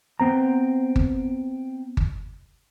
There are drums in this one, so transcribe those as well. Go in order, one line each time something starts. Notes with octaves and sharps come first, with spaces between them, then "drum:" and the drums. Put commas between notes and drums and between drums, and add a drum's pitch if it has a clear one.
B3 C4 A#5
drum: kick G1
drum: kick G1